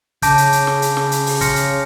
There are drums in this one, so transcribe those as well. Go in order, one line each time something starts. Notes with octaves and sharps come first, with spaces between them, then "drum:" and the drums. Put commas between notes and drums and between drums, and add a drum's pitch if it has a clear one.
C#3 A5 D6 G6 A#6 D7, drum: kick, hi-hat
drum: hi-hat
drum: hi-hat
drum: snare
drum: hi-hat
drum: snare
drum: hi-hat
drum: open hi-hat
C6 F6 A#6 C#7, drum: kick, hi-hat
drum: hi-hat